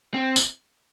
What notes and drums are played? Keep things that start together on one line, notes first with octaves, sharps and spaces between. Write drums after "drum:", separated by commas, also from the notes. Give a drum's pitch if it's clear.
C4
drum: tambourine